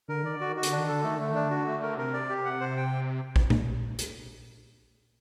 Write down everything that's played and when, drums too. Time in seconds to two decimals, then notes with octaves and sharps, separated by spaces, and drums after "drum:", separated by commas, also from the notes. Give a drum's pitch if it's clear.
0.09 D3 A#4
0.23 D#3 D5
0.36 D3 F#4
0.50 D#3
0.56 F#4
0.63 D3, drum: hi-hat
0.72 D4
0.77 D#3
0.88 D3 A4
1.03 D#3 A3
1.18 D3 A3
1.31 D#3 D4
1.44 D3
1.50 F#4
1.66 A3
1.83 A#4
1.97 C3 A#4
2.13 D5
2.29 G4
2.45 F#5
2.61 C5
2.77 G5
3.36 drum: kick A#1
3.50 drum: tom A#2
3.99 drum: hi-hat